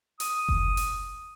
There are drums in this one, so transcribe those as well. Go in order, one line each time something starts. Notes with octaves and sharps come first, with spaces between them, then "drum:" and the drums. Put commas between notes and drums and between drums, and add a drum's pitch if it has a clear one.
D#6, drum: hi-hat
drum: kick F#1
drum: hi-hat